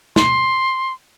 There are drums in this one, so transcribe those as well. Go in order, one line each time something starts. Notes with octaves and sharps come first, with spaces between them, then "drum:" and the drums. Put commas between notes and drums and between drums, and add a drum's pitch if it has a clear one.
C6, drum: snare